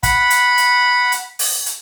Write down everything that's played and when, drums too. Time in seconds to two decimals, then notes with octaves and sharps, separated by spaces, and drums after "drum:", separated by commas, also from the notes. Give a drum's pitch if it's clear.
0.03 F#5 B5, drum: kick, hi-hat
0.30 drum: hi-hat
0.58 drum: hi-hat
1.12 drum: hi-hat
1.39 drum: open hi-hat
1.66 drum: hi-hat